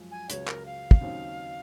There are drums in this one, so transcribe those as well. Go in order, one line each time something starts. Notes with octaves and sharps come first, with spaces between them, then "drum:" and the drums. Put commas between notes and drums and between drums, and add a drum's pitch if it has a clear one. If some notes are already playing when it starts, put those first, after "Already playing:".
Already playing: F#2 F3 G#3
G#5
C#2 C#3 F#3 C#5, drum: hi-hat
A#4, drum: clap
F5
drum: kick
D#2 C#3 F#3 C4 D#4